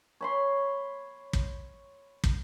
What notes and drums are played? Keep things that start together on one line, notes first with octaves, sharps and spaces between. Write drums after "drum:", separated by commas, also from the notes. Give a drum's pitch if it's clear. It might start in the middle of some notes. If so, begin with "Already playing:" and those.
C#5 B5 C6
drum: kick
drum: kick